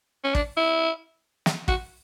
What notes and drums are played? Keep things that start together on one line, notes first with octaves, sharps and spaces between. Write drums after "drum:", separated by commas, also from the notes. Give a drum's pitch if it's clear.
C#4
D4, drum: kick
E4
drum: snare
F#4, drum: kick